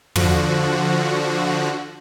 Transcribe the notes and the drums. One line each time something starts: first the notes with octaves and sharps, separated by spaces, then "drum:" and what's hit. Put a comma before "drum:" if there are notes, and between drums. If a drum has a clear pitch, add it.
D3 F3 F#4, drum: tom